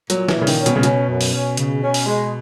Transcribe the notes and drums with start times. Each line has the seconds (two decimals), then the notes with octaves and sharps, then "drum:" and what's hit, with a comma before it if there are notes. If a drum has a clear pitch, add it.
0.10 A#2 F#3, drum: hi-hat
0.29 E3, drum: snare
0.34 A#2
0.41 C#3
0.47 D#3, drum: open hi-hat
0.59 C#4
0.66 B2, drum: hi-hat
0.76 C#3
0.83 B2 C#4, drum: hi-hat
1.09 F#2
1.21 drum: open hi-hat
1.33 C#4
1.57 C#3, drum: hi-hat
1.83 C#4
1.94 drum: open hi-hat
2.06 G#3